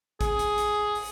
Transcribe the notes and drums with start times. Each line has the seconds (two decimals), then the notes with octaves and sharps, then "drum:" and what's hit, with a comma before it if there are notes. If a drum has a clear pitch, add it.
0.21 G#4, drum: kick G#1, hi-hat
0.39 drum: hi-hat
0.58 drum: hi-hat
0.95 drum: open hi-hat